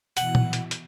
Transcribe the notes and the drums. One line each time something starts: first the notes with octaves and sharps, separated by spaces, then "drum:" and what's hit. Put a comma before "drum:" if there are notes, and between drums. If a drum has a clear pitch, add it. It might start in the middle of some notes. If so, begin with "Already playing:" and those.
B2 E3 F#5, drum: hi-hat
drum: tom A#2
drum: hi-hat
drum: hi-hat